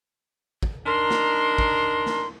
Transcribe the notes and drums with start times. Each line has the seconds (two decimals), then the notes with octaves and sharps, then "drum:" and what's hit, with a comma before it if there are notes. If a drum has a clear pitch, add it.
0.63 drum: kick
0.87 D4 D#4 A#4 C6
1.11 drum: snare
1.58 drum: kick
2.06 drum: snare